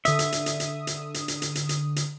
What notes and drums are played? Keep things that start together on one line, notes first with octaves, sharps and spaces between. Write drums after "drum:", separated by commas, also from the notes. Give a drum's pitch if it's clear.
D3 E5 D#6, drum: hi-hat
drum: hi-hat
drum: hi-hat
drum: hi-hat
drum: hi-hat
drum: hi-hat
drum: hi-hat
drum: hi-hat
drum: hi-hat
drum: hi-hat
drum: hi-hat
drum: hi-hat